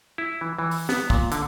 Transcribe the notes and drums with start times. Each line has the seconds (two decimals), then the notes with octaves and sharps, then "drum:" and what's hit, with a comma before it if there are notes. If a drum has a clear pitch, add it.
0.18 E4
0.41 E3
0.59 E3
0.71 drum: open hi-hat
0.89 B3, drum: snare
1.10 A#2, drum: kick
1.32 D3, drum: hi-hat